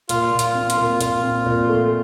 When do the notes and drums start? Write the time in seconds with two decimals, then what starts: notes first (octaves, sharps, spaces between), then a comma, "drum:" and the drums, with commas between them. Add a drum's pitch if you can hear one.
0.09 A#2 F4, drum: hi-hat
0.32 A#2
0.39 F4, drum: hi-hat
0.55 C4
0.70 F4, drum: hi-hat
0.78 A#2
1.01 A#2 F4, drum: hi-hat
1.23 C4
1.46 A#2
1.68 A3